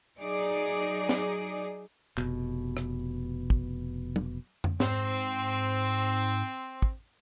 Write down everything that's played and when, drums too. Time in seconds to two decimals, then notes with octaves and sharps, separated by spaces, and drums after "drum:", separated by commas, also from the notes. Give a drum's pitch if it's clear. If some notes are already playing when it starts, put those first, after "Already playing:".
0.19 F#3 D#4 G#4 D5
1.09 drum: snare
2.18 F1 B2, drum: clap
2.77 drum: rim click
3.50 drum: kick
4.16 drum: tom
4.64 drum: tom F2
4.80 G#2 C4, drum: snare
6.82 drum: kick